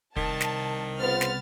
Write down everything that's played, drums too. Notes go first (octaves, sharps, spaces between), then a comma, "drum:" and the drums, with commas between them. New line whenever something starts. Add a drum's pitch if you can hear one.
C2 D#3 A5, drum: kick
drum: snare
C#3 B3 F4 C5 F6 A6
drum: snare